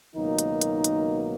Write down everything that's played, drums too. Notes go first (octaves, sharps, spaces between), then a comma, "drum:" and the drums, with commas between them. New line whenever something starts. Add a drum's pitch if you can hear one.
C#2 B2 D#3 F#3 A#3 D#4
drum: hi-hat
drum: hi-hat
drum: hi-hat